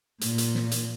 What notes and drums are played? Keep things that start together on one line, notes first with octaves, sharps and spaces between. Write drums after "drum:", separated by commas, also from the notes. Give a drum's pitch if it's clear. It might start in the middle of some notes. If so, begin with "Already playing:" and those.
A#2, drum: hi-hat
drum: hi-hat
drum: snare
drum: hi-hat